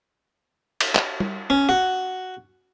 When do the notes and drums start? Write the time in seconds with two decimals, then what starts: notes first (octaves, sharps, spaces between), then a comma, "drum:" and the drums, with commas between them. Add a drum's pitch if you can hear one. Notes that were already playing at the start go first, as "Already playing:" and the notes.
0.81 drum: cymbal
0.95 drum: clap
1.20 drum: tom G3
1.50 C#4
1.69 F#4